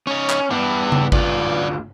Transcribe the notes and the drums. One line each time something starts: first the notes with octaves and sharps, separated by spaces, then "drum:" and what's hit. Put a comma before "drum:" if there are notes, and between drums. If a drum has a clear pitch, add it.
C#4 D#4 C#5
drum: clap
G2 B3 E4
drum: tom C#3
D2 F4 B4 D5, drum: kick G#1